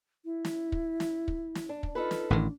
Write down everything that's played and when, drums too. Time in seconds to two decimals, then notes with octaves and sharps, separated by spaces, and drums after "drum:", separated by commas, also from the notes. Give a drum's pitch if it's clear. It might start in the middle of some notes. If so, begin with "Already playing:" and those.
0.24 E4
0.45 drum: snare
0.72 drum: kick
1.00 drum: snare
1.28 drum: kick
1.55 drum: snare
1.69 D4
1.83 drum: kick
1.95 D#4 F4 A4 B4
2.11 drum: snare
2.30 A1 A2 D#3 D4